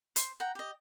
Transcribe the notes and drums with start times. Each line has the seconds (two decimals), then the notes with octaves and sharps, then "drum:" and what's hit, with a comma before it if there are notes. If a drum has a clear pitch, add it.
0.16 C5, drum: hi-hat
0.40 F#5 G5 A#5
0.55 G4 D#5